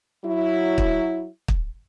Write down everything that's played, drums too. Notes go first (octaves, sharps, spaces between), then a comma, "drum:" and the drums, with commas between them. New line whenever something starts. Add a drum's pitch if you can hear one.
F#3 E4
drum: kick
drum: kick